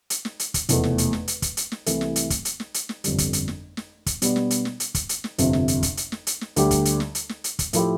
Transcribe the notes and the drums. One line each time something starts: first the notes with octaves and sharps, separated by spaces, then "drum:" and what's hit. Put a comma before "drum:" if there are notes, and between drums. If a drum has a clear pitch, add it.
drum: hi-hat
drum: snare
drum: hi-hat
drum: kick, hi-hat
F1 E2 B2 A3, drum: hi-hat
drum: snare
drum: hi-hat
drum: snare
drum: hi-hat
drum: kick, hi-hat
drum: hi-hat
drum: snare
C2 C3 E3 A3, drum: hi-hat
drum: snare
drum: hi-hat
drum: kick, hi-hat
drum: hi-hat
drum: snare
drum: hi-hat
drum: snare
G1 F2 D3 G3, drum: hi-hat
drum: kick, hi-hat
drum: hi-hat
drum: snare
drum: snare
drum: kick, hi-hat
B2 G3 B3 D4, drum: hi-hat
drum: snare
drum: hi-hat
drum: snare
drum: hi-hat
drum: kick, hi-hat
drum: hi-hat
drum: snare
G1 F2 C3, drum: hi-hat
drum: snare
drum: hi-hat
drum: kick, hi-hat
drum: hi-hat
drum: snare
drum: hi-hat
drum: snare
D2 D3 G3 D4 G4, drum: hi-hat
drum: kick, hi-hat
drum: hi-hat
drum: snare
drum: hi-hat
drum: snare
drum: hi-hat
drum: kick, hi-hat
A2 F3 A3 E4 G4, drum: hi-hat